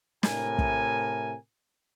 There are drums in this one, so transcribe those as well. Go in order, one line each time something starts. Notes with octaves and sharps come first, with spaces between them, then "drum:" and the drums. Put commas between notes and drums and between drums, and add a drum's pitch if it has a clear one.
A2 C3 A#4 G#5, drum: snare
drum: kick